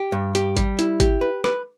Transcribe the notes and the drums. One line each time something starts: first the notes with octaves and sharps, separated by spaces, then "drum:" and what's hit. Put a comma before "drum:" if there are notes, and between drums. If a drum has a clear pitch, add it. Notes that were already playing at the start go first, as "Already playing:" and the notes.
Already playing: G4
G2
G4, drum: hi-hat
G3, drum: kick G#1, hi-hat
E4, drum: hi-hat
G4, drum: kick G#1, hi-hat
B4
B4, drum: rim click